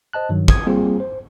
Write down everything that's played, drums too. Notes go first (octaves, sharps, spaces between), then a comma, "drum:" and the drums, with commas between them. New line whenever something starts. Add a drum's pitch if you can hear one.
C5 D#5 A5 F#6
G2 D#3 F#3
D#6 G#6, drum: kick
G3 A#3 C4 F4 G#4
C5